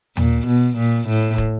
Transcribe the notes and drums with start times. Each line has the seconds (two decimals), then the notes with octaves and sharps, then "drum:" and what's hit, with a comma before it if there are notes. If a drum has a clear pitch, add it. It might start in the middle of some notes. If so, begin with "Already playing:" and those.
0.17 A#2, drum: tom
0.47 B2
0.77 A#2
1.08 A2
1.38 drum: kick